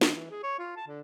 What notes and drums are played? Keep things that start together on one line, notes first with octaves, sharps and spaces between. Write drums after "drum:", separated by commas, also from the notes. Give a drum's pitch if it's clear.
D#3, drum: snare
E3
G#4
C#5
F4
A5
D3